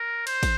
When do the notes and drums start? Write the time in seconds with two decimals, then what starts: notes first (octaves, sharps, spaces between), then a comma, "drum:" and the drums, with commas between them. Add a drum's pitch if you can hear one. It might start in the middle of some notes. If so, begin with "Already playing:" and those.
Already playing: A#4
0.27 C5, drum: cymbal
0.43 drum: kick, cymbal